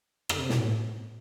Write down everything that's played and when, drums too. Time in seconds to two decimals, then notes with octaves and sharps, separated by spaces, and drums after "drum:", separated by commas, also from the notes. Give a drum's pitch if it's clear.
0.29 D3, drum: rim click
0.39 C3
0.49 B2, drum: snare
0.59 A2